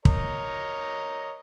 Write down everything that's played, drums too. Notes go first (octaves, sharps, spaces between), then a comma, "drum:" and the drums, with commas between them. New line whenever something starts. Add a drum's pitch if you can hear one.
A#4 C#5 D#5, drum: kick